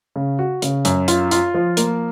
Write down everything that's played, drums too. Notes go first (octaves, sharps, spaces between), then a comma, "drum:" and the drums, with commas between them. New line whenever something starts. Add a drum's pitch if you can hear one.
C#3
F#4
C#3, drum: hi-hat
F#2, drum: hi-hat
F4, drum: hi-hat
F4, drum: hi-hat
F3
A#3, drum: hi-hat